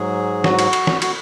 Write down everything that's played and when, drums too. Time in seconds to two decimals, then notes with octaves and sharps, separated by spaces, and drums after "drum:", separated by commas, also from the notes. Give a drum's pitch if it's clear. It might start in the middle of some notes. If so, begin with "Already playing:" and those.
Already playing: G#2 F#3 G#4
0.44 F#4, drum: snare
0.59 drum: cymbal
0.73 drum: cymbal
0.87 drum: snare
1.02 F#4, drum: cymbal